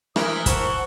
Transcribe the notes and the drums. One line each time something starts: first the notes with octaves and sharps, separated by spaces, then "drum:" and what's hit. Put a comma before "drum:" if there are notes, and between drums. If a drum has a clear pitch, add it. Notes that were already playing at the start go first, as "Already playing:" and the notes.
E3 E4 A#4 C5 D#6, drum: rim click
C5 F#5 A5 C#6, drum: kick, hi-hat